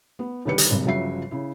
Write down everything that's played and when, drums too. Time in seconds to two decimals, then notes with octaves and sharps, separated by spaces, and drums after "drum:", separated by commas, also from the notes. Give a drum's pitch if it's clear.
0.19 B3
0.45 C2 D3 D#3 G3 B4 C#7
0.58 drum: hi-hat
0.69 F#1 G2 C3
0.85 G1 C#3 F3 F#3 E5 C7
1.31 C#3 E4